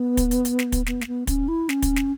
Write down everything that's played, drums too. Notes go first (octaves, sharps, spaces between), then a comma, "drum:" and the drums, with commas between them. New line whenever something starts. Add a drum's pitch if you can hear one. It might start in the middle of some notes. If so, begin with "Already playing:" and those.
Already playing: B3
drum: kick, hi-hat
drum: hi-hat
drum: hi-hat
drum: snare
drum: kick, hi-hat
B3, drum: snare
A#3, drum: snare
B3
C#4, drum: kick, hi-hat
E4
C#4, drum: snare
drum: kick, hi-hat
drum: snare